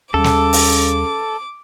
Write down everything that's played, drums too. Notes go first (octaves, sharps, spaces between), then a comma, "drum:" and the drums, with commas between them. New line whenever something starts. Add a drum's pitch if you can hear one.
D#2 C#3 G3 A4 D6
drum: snare
drum: open hi-hat